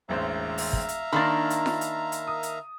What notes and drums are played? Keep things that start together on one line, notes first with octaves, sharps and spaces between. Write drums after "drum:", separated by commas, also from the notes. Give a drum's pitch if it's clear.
E1 A1 C5 E5 F5 A#5
drum: open hi-hat
drum: kick
drum: hi-hat
D#3 A#3 D4 B5 C6 A6
drum: hi-hat
drum: snare F4
drum: hi-hat
drum: hi-hat
D#6
drum: hi-hat